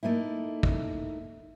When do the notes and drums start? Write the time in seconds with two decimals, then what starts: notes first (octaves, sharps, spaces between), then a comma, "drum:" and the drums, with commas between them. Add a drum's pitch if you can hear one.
0.03 A3 A#3 D#4 E4
0.63 drum: kick